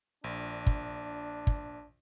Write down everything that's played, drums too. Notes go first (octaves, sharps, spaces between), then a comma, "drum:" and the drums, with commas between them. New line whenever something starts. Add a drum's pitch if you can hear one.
A#1 D4
drum: kick
drum: kick